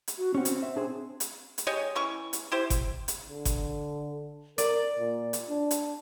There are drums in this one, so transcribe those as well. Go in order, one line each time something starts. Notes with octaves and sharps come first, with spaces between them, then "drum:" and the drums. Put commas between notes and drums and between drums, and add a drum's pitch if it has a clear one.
drum: hi-hat
F#4
C4 C#4 F#4
drum: hi-hat
E5
D4 G#4 C5
drum: hi-hat
drum: hi-hat
G#3 G4 C#5 D#5
E3 C#4 C#6
drum: hi-hat
E4 G4 C5
drum: kick G1, hi-hat
drum: hi-hat
D3
drum: kick G1, hi-hat
A#4 D5, drum: hi-hat
A#2
drum: hi-hat
D4
drum: hi-hat